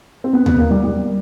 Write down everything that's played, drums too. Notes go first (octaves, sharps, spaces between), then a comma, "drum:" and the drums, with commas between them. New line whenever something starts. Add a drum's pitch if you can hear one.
C4
B3
B3, drum: tom D#2
A#3
G3
G3